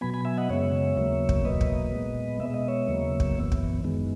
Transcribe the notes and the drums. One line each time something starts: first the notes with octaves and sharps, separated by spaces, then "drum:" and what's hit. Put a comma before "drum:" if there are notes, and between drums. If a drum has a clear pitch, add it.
B2 F#3 B3 G#5 B5
G#5 B5
E5 G#5
D#5 F#5
F#2 C#3 G#3 B3 C#5 E5
D#2 C#3 F#3 A#3
drum: kick
E2 B2 F#3 A#3 B4 D#5
drum: kick
A#2 G#3 B3
B2 G#3 B3 E5
D#5
C#5 E5
D#2 C#3 F#3 A#3
drum: kick
F#2 E3 B3
drum: kick
F#2 D#3 G#3 B3